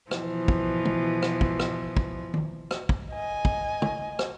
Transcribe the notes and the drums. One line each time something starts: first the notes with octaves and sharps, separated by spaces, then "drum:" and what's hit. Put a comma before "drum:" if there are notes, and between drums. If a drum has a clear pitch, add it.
B2 E3 F3, drum: rim click
drum: kick
drum: tom
drum: rim click
drum: kick
drum: rim click
drum: kick
drum: tom D#3
drum: rim click
drum: kick
D#5 G#5
drum: kick
drum: tom
drum: rim click